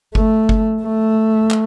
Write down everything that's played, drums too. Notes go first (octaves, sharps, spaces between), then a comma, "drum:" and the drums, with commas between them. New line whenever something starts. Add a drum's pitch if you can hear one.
A3, drum: kick G1
drum: kick G1
A3
drum: clap